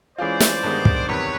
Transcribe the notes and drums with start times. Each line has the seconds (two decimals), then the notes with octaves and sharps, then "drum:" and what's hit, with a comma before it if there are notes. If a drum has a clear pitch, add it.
0.18 E3 G#3 C#4 F4 C5 D5
0.40 drum: snare
0.63 G2 D#3 G#3 B3
0.85 drum: kick
1.08 E2 C3 D#3 G3 B4 C#5